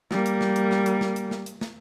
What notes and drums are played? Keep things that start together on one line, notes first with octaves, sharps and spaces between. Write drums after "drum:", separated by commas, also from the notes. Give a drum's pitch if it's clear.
G3 A#3, drum: snare
drum: hi-hat
drum: snare
drum: hi-hat
drum: snare
drum: hi-hat
drum: snare
drum: hi-hat
drum: snare
drum: hi-hat
drum: snare